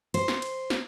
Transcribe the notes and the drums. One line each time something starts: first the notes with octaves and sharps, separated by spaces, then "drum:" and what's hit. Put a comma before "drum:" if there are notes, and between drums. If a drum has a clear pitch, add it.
C5, drum: cymbal
drum: snare
drum: cymbal
drum: snare